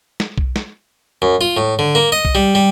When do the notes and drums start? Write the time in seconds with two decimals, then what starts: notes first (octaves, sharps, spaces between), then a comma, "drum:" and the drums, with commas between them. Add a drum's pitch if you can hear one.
0.20 drum: snare
0.38 drum: kick B1
0.56 drum: snare
1.22 F#2
1.41 F4
1.57 A2
1.79 D3
1.95 A#3
2.12 D#5
2.25 drum: kick B1
2.35 G3
2.55 G3